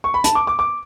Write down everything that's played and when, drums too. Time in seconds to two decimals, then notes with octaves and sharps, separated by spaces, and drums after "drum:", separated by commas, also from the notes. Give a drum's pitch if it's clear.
0.04 C#6
0.14 B5
0.24 A5, drum: hi-hat
0.35 D6
0.47 D6
0.59 D6